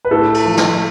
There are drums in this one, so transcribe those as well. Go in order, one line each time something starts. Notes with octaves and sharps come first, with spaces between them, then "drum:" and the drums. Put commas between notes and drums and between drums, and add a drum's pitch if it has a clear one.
B4
A2 A4
drum: cymbal
F3
drum: snare